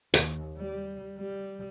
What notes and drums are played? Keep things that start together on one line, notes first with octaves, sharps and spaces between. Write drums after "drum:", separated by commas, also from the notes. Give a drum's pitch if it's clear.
D#2, drum: hi-hat
G3
G3